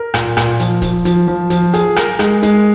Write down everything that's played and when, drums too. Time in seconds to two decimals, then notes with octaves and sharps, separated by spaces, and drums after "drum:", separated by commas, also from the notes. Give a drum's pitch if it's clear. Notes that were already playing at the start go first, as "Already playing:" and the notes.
Already playing: A#4
0.14 A#2, drum: rim click
0.37 A#2, drum: rim click
0.60 F3, drum: hi-hat
0.82 F3, drum: kick, hi-hat
1.05 F3, drum: hi-hat
1.28 F3
1.50 F3, drum: hi-hat
1.74 G#4, drum: hi-hat
1.96 A#4, drum: rim click
2.19 G#3, drum: rim click
2.43 G#3, drum: hi-hat